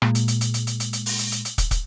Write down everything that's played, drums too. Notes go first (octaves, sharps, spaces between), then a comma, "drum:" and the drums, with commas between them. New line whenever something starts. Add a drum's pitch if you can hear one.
A#2 G#3, drum: rim click
drum: hi-hat
drum: hi-hat
drum: hi-hat
drum: hi-hat
drum: hi-hat
drum: hi-hat
drum: hi-hat
drum: open hi-hat
drum: hi-hat
drum: hi-hat
drum: hi-hat
drum: kick, hi-hat
drum: kick, hi-hat